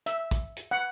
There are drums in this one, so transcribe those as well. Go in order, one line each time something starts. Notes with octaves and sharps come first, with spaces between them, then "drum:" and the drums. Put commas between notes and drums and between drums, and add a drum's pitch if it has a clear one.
E5, drum: hi-hat
drum: kick, hi-hat
drum: hi-hat
F#5